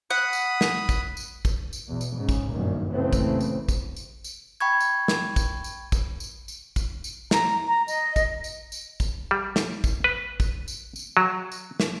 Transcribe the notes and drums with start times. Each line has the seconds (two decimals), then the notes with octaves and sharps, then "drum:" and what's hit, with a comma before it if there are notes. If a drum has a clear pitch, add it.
0.11 F#5 B5 D#6
0.33 drum: tambourine
0.61 drum: snare
0.89 drum: kick, tambourine
1.17 drum: tambourine
1.45 drum: kick, tambourine
1.73 drum: tambourine
1.88 E2 B2
2.01 drum: tambourine
2.17 G#2 C#3
2.29 drum: kick, tambourine
2.51 G1 F#2 A#2 D#3
2.91 F#1 A#2 C#3 E3 A3 C4
3.13 drum: kick, tambourine
3.41 drum: tambourine
3.69 drum: kick, tambourine
3.96 drum: tambourine
4.24 drum: tambourine
4.60 G5 B5 C#6 G#6
4.80 drum: tambourine
5.08 drum: snare
5.36 drum: kick, tambourine
5.64 drum: tambourine
5.92 drum: kick, tambourine
6.20 drum: tambourine
6.48 drum: tambourine
6.76 drum: kick, tambourine
7.04 drum: tambourine
7.31 A#5, drum: snare
7.66 A#5
7.88 D#5, drum: tambourine
8.16 drum: kick, tambourine
8.44 drum: tambourine
8.72 drum: tambourine
9.00 drum: kick, tambourine
9.31 G3
9.56 drum: snare
9.84 drum: kick, tambourine
10.04 B4
10.40 drum: kick, tambourine
10.68 drum: tambourine
10.96 drum: tambourine
11.17 F#3
11.52 drum: tambourine
11.80 drum: snare